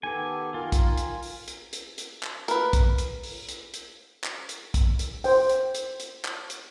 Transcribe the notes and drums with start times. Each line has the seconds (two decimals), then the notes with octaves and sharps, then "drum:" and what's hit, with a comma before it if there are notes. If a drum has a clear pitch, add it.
0.03 D#3 B3 G4 A4 G#5
0.54 F4 A#4 G#5
0.72 drum: kick, hi-hat
0.97 drum: hi-hat
1.23 drum: open hi-hat
1.48 drum: hi-hat
1.73 drum: hi-hat
1.98 drum: hi-hat
2.23 drum: clap
2.48 A#4 B4, drum: hi-hat
2.73 drum: kick, hi-hat
2.98 drum: hi-hat
3.23 drum: open hi-hat
3.49 drum: hi-hat
3.74 drum: hi-hat
4.24 drum: clap
4.49 drum: hi-hat
4.74 drum: kick, hi-hat
4.99 drum: hi-hat
5.24 C5 G5, drum: open hi-hat
5.49 drum: hi-hat
5.75 drum: hi-hat
6.00 drum: hi-hat
6.25 drum: clap
6.50 drum: hi-hat